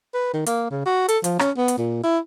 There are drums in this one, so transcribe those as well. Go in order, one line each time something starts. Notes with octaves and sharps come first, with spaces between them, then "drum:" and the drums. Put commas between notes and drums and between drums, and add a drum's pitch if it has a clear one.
B4
D#3
A#3, drum: hi-hat
C#3
F#4
A4, drum: hi-hat
F3, drum: hi-hat
C#4, drum: rim click
B3
drum: hi-hat
A#2
E4